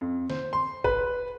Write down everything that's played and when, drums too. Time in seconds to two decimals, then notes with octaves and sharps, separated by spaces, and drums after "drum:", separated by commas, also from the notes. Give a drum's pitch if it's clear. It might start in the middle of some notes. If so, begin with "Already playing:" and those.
0.01 F2
0.30 C5, drum: snare
0.53 C6
0.84 B4, drum: kick